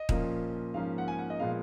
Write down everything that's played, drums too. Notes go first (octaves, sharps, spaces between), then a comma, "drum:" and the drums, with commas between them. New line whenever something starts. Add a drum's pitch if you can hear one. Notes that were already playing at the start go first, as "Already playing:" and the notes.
Already playing: D#5
A#2 F3 A#3 C#4, drum: kick D#1
G#2 F3 A#3 C#4 F5
F#5
G#5
F#5
D#5
A#2 F3 G#3 B3 F5